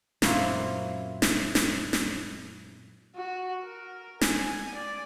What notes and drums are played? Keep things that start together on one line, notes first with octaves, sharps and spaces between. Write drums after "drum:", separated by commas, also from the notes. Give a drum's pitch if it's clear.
F#2 A#2 A#3 C4 E4 F4, drum: snare
drum: snare
drum: snare
drum: snare
F#4
A#4
G#5, drum: snare
D5